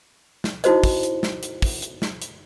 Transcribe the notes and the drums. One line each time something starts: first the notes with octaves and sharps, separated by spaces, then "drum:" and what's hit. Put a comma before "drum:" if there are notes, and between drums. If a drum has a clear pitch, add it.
drum: snare
D#4 E4 F#4 C5 D#5, drum: hi-hat
drum: kick, open hi-hat
drum: hi-hat
drum: snare
drum: hi-hat
drum: kick, open hi-hat
drum: hi-hat
drum: snare
drum: hi-hat